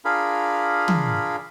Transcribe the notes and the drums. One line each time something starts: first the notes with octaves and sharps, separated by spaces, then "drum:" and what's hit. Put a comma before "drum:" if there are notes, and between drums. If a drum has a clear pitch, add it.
D4 F4 G#4 A#4 F5 B5
drum: tom